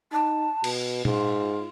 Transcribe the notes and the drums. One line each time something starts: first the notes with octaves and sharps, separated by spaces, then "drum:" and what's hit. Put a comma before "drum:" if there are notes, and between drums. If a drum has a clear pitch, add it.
D#4 A5
B2, drum: cymbal
G#2 F4, drum: tom A#2